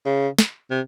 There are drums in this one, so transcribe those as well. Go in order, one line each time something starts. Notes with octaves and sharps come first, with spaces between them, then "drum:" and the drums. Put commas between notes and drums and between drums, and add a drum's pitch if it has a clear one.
C#3
drum: snare
C3